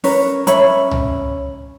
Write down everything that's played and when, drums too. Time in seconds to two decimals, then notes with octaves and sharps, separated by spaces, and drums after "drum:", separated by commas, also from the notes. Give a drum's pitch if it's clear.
0.04 C#4 A#4 B4 C#5, drum: open hi-hat
0.47 C#4 C#5 E5 B5, drum: hi-hat
0.91 drum: tom C2